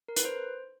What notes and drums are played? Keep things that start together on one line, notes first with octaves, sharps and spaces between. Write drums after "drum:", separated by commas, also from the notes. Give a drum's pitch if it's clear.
A#4
B4, drum: hi-hat
C5